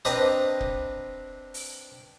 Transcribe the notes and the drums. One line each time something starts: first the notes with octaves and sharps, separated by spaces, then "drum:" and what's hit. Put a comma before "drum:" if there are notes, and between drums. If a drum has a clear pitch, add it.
C4 D4 B4 C5 D#5 A#5, drum: hi-hat
drum: kick
drum: open hi-hat